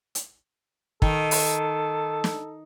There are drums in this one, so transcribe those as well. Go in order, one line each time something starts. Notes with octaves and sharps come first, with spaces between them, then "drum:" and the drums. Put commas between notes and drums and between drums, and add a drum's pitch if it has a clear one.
drum: hi-hat
D#3 A4, drum: kick
drum: open hi-hat
drum: snare